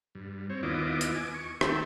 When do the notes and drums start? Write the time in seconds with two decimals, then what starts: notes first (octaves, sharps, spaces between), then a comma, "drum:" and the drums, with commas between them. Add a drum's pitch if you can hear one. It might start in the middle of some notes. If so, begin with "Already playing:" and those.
0.15 G2
0.50 C4 C#5
0.63 D#2 B3 E4 F4 D#5 D6
1.01 drum: hi-hat
1.15 G#5 D6
1.34 C#6
1.61 D#3 A4 E5 G5 B5, drum: rim click